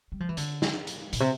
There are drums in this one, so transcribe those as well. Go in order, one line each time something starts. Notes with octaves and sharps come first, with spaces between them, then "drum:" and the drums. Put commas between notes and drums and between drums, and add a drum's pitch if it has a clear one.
G3
F3
E3
D3, drum: hi-hat
drum: snare
drum: hi-hat
A#2, drum: hi-hat
C3